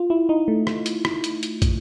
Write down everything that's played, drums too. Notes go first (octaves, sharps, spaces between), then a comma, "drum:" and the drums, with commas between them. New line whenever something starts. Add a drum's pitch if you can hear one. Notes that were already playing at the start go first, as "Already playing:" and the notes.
Already playing: F4
E4
D#4
A3
drum: rim click
drum: hi-hat
drum: rim click
drum: hi-hat
drum: hi-hat
drum: kick, hi-hat